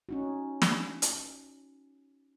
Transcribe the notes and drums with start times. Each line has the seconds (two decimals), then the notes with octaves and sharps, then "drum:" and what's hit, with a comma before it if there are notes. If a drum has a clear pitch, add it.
0.09 C#4 D#4 F#4
0.62 drum: snare
1.02 drum: hi-hat